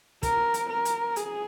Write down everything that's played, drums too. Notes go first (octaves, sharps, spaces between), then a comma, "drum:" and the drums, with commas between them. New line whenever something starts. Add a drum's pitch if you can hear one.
A#4, drum: kick, hi-hat
drum: hi-hat
A#4
drum: hi-hat
G#4, drum: hi-hat